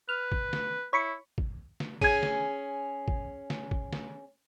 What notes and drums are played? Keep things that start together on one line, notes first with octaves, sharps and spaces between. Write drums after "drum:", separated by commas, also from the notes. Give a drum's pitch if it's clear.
B4 F6
drum: kick
drum: snare
E4 C#5 B5 C#6
drum: kick
drum: snare
C#4 G#4 G#6 D#7, drum: kick
drum: snare
drum: kick
drum: snare
drum: kick
drum: snare